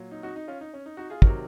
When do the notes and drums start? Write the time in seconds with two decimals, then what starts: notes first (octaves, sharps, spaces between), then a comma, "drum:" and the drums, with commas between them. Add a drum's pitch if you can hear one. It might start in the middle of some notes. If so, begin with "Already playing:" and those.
Already playing: A#2 F#3
0.11 D#4
0.23 D#4 F#4
0.36 D#4
0.48 C#4 F4
0.61 D#4
0.74 C#4
0.86 D#4
0.97 D#4 F#4
1.10 F4 G#4
1.22 C3 D#3 F#3 F#4 A#4, drum: kick